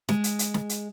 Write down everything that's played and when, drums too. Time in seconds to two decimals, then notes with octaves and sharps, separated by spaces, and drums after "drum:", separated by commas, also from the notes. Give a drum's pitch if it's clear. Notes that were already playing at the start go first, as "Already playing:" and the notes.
0.09 G#3, drum: snare
0.24 drum: hi-hat
0.39 drum: hi-hat
0.54 drum: snare
0.69 drum: hi-hat